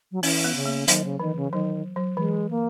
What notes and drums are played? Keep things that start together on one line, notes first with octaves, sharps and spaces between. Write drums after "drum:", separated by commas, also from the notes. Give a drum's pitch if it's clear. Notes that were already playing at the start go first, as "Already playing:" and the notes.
F#3
E3 C#4, drum: open hi-hat
B3
C#3
A#3
D#3 F#3, drum: hi-hat
C#3
D#3 E3
C#3
D#3 F#3
F#3
E3 G#3
A#3